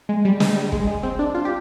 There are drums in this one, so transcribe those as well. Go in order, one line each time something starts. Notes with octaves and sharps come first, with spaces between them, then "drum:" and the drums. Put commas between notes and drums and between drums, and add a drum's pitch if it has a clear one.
G#3
G3
G#3, drum: snare
G3
G#3, drum: kick
G#3
C4
D4
F4
G4